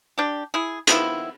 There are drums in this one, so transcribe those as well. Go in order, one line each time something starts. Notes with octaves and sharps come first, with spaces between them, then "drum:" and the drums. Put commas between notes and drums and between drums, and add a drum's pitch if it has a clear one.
D4 G4
E4 G#4
D#3 F3 B3 E4, drum: hi-hat